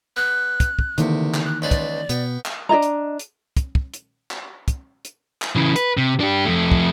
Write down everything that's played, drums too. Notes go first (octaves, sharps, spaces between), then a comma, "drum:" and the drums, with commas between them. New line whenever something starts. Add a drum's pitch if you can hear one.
B3 F#6
drum: kick, hi-hat
drum: kick
D2 C3 D#3 E3 A#3, drum: hi-hat
drum: clap
F#6
C#2 B4 C5 D5
drum: kick, hi-hat
B2 B3 G5, drum: hi-hat
drum: clap
D4 G#4 D#5 A#5
drum: hi-hat
drum: hi-hat
drum: kick, hi-hat
drum: kick
drum: hi-hat
drum: clap
drum: kick, hi-hat
drum: hi-hat
drum: clap
C#3 E3
B4, drum: hi-hat
C3
D4 G4
F2 A3
drum: kick